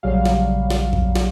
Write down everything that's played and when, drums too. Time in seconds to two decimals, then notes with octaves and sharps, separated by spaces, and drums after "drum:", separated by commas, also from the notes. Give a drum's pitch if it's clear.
0.03 A#1 C#3 F#3 G3 F5
0.25 drum: snare
0.70 drum: snare
0.93 drum: kick
1.15 drum: snare